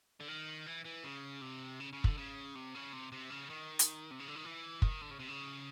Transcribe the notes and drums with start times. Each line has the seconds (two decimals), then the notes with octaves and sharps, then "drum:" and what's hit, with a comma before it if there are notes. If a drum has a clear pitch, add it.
0.20 D3
0.28 D#3
0.66 E3
0.85 E3
1.03 C#3
1.41 C3
1.80 C#3
1.93 C#3
2.04 D3, drum: kick
2.17 C#3
2.55 C3
2.74 C#3
2.93 C3
3.12 C3
3.30 C#3
3.50 D#3
3.79 drum: hi-hat
4.11 C3
4.20 C#3
4.28 D3
4.36 D#3
4.45 E3
4.82 D#3, drum: kick
5.01 D3
5.11 C#3
5.19 C3
5.28 C#3